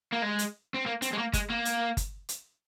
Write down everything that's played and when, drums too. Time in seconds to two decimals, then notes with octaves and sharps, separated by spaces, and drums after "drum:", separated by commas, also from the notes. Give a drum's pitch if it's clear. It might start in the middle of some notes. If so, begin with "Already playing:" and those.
0.13 A#3
0.23 G#3
0.39 drum: hi-hat
0.74 C4
0.86 A#3
1.02 C4, drum: hi-hat
1.13 G#3
1.18 A#3
1.33 G#3, drum: kick G1, hi-hat
1.50 A#3
1.65 drum: hi-hat
1.97 drum: kick G1, hi-hat
2.29 drum: hi-hat